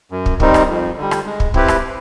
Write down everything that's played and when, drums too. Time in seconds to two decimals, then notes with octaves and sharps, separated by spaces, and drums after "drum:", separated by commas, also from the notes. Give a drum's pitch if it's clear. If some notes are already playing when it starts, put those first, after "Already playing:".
0.11 F#2
0.26 drum: kick
0.40 D#3 G3 C4 D#4, drum: kick
0.54 drum: rim click
0.69 F2
0.97 D3 G3
1.11 drum: rim click
1.26 G#3
1.40 drum: kick
1.54 C4 E4 G4 B4, drum: kick
1.68 drum: rim click